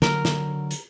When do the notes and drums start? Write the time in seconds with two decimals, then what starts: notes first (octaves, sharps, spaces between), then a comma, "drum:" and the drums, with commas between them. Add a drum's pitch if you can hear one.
0.02 D3 F#3 A#4, drum: snare
0.25 drum: snare
0.71 drum: hi-hat